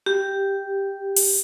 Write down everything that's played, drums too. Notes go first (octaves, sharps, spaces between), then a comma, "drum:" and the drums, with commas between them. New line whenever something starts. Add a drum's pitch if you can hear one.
G4
drum: open hi-hat